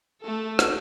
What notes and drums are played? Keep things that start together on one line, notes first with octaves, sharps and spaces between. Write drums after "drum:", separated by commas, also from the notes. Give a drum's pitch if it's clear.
A3 A4
drum: rim click